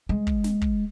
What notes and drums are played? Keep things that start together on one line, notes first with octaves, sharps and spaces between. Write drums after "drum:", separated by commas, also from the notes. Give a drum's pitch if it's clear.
G#3
drum: kick
drum: snare
drum: kick